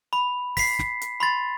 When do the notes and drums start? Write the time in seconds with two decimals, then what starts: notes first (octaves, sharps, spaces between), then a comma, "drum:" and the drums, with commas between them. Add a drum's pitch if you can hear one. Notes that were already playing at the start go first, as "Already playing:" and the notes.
0.13 B5
0.57 B6 C7, drum: kick, open hi-hat
0.79 drum: snare
1.01 drum: hi-hat
1.20 B5 C6 A6